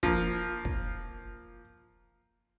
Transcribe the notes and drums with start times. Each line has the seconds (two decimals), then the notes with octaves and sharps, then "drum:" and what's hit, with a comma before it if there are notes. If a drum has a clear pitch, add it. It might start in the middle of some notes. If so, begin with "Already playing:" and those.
0.03 F3 A#3, drum: kick
0.65 drum: kick